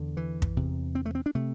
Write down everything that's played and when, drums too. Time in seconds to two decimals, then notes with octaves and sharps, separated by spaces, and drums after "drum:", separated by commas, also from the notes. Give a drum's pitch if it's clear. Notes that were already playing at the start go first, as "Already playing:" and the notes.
Already playing: E2 D3
0.17 E3
0.42 drum: kick
0.56 E2 C3
0.95 C4
1.06 A3
1.15 C4
1.26 D4
1.35 C3 A3